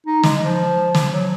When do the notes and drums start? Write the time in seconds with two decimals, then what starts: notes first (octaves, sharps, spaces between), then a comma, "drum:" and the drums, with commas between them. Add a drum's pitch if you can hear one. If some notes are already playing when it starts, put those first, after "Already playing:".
0.06 D#4
0.23 G#3, drum: snare
0.41 F3
0.95 drum: snare
1.13 F#3